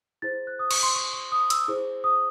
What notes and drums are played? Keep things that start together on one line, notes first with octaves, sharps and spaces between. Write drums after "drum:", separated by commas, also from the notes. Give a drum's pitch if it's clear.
E4 G#4 C5 A6
F#6
D#6
C#6, drum: cymbal
C6
C#6
C#6
D#6
E6, drum: hi-hat
E4 G#4 C5
D#6